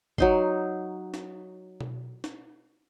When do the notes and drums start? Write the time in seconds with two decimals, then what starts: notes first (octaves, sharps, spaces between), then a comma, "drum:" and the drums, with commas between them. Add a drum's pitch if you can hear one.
0.18 F#3 D#4 C6, drum: kick
1.14 drum: snare
1.81 drum: tom B2
2.24 drum: snare